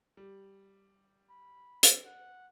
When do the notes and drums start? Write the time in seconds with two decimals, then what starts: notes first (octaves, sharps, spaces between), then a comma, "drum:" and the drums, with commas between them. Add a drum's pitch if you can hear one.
0.17 G3
1.30 B5
1.83 drum: hi-hat
2.05 F#5